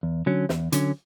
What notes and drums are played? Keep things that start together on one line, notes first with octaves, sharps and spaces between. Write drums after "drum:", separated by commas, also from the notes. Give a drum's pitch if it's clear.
E2
D3 F#3 C#4
E2, drum: snare
D3 F#3 C#4, drum: hi-hat